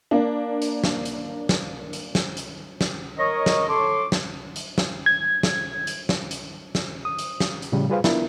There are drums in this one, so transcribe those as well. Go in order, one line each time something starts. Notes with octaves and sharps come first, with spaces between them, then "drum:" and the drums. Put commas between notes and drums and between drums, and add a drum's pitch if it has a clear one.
A#3 D4
drum: hi-hat
drum: snare
drum: hi-hat
drum: snare
drum: hi-hat
drum: snare
drum: hi-hat
drum: snare
A#4 C#5 D#5
drum: snare
A4 C#5 C6 D6
drum: snare
drum: hi-hat
drum: snare
G#6
drum: snare
drum: hi-hat
drum: snare
drum: hi-hat
drum: snare
D#6
drum: hi-hat
drum: snare
drum: hi-hat
A2 C#3 F3 G3
G3 F4 G#4 B4 C5 F5
B3 D4 E4 F4 A#4, drum: snare